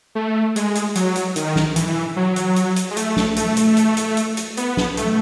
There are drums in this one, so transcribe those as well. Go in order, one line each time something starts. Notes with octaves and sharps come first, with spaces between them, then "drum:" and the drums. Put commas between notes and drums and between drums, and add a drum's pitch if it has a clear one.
A3
G#3, drum: hi-hat
drum: hi-hat
F#3, drum: hi-hat
drum: hi-hat
D#3, drum: hi-hat
drum: snare
E3, drum: hi-hat
F#3
drum: hi-hat
drum: hi-hat
drum: hi-hat
G#3
A3, drum: hi-hat
drum: snare
A3, drum: hi-hat
drum: hi-hat
drum: hi-hat
drum: hi-hat
drum: hi-hat
drum: hi-hat
B3, drum: hi-hat
drum: snare
A3, drum: hi-hat